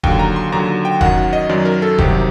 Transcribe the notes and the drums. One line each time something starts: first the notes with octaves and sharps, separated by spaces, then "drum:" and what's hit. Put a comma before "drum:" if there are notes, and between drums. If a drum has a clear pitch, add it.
D#2 D3 F#3 G5, drum: kick E1
A#5
C6
D#2 D3 F#3 A#5
G5
F#2 D#3 F#3 F#5, drum: kick E1
F#5
D#5
F#2 D#3 F#3 D5
A#4
A4
C2 C3 D#3 F#3 G4, drum: kick E1